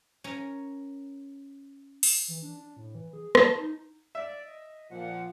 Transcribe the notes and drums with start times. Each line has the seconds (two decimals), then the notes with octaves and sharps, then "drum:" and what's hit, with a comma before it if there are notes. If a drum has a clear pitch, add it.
0.24 C#4 A#4 G#5
2.03 drum: open hi-hat
2.28 E3
2.42 D4
2.58 D4
2.76 A2
2.95 E3
3.13 G#4
3.35 A5, drum: rim click
3.57 D#4
4.15 D5 E5
4.45 D#5
4.90 A#2 F3 F#5